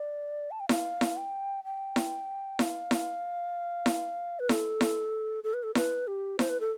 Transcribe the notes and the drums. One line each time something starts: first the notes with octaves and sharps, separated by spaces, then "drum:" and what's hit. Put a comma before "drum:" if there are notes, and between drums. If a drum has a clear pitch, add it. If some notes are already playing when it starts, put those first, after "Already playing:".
Already playing: D5
A5
G5
F5, drum: snare E4
drum: snare E4
G5
G5
drum: snare E4
F5, drum: snare E4
drum: snare E4
drum: snare E4
B4
A4, drum: snare E4
drum: snare E4
A4
B4
A4
B4, drum: snare E4
G4
C5, drum: snare E4
B4
A4